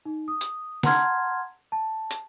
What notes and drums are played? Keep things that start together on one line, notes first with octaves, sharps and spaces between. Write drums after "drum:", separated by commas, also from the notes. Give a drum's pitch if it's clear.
D#4
D#6
drum: hi-hat
F#5 A5 A#5 C6 F6 G#6, drum: snare
A5
drum: hi-hat